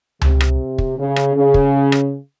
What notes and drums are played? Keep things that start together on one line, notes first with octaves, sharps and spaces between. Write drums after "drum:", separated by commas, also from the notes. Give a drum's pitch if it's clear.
C3, drum: tom C#2
drum: rim click
drum: kick
C#3
drum: rim click
C#3
drum: kick
drum: rim click